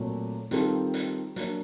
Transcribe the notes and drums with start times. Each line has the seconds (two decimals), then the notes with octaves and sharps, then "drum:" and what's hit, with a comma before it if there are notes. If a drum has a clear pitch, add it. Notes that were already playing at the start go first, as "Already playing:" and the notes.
Already playing: A#2 F#3 A3 C4
0.51 D#3 G3 C4 F4 A4, drum: hi-hat
0.94 drum: hi-hat
1.36 F#3 A#3 D4, drum: hi-hat